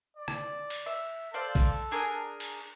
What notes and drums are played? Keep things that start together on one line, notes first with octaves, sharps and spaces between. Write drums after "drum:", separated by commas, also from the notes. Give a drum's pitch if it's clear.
D5
drum: rim click
drum: cymbal
E5
A4 C5 D5 F5
drum: kick, cymbal
D4 G#4 A#4
drum: cymbal